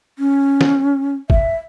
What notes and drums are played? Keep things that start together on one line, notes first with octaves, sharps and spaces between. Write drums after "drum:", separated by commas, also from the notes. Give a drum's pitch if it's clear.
C#4
drum: snare
E5, drum: kick